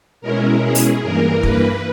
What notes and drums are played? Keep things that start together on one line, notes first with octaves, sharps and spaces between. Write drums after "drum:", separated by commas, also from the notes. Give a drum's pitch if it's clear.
B2 G#3 C#4 E4 A#4
G#4
drum: open hi-hat
G2 E3 A#3 A#4
B4, drum: kick